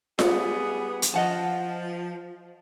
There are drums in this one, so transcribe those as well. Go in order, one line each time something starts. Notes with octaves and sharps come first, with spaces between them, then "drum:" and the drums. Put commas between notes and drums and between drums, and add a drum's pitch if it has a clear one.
G3 B3 G#4, drum: snare F4
drum: hi-hat
F3 D#5 F#5 A5